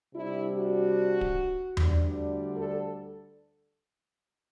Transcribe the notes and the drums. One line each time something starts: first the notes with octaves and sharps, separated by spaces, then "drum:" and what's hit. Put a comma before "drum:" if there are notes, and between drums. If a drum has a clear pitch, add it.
C3 G3 D4 E4
F#4
drum: kick D1
D2 D3 G3 D4, drum: tom E2
A4